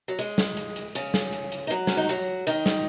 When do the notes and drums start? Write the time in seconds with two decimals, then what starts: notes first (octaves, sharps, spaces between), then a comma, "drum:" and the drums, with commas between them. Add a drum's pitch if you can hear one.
0.08 F#3
0.19 G#3, drum: hi-hat
0.38 drum: snare
0.57 drum: hi-hat
0.76 drum: hi-hat
0.95 C#3 C#4, drum: hi-hat
1.14 drum: snare
1.33 drum: hi-hat
1.52 drum: hi-hat
1.67 D#4
1.70 F#3 F#4
1.87 C#4, drum: snare
1.97 D#4
2.09 F#3 F#4, drum: hi-hat
2.47 D#3 D#4, drum: hi-hat
2.66 drum: snare